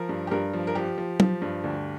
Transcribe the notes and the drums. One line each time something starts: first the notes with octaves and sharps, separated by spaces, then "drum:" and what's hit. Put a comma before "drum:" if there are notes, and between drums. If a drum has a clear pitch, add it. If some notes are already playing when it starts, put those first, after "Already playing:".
Already playing: F3 A#4
G2
G4
G2 A#4
F3
A#4
F3 G4
F3
F3, drum: tom
G2
D2